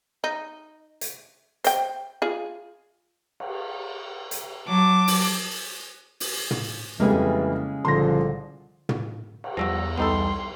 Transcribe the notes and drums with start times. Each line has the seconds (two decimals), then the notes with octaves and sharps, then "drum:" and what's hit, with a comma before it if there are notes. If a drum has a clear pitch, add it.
0.24 D#4
1.01 drum: hi-hat
1.64 C5 G5, drum: hi-hat
2.22 F4 G#4
3.40 drum: cymbal
4.31 drum: hi-hat
4.68 F#3 A5 D6
5.08 drum: open hi-hat
6.20 drum: open hi-hat
6.51 drum: tom
7.00 F2 C#3 E3 G3 G#3 A#3
7.85 C2 A#2 D3 F3 C6 A#6
8.89 drum: tom
9.44 drum: cymbal
9.57 E2 F3 G3 F#4 E6 A#6
9.97 C2 G3 B3 D#4 A4 G5 C6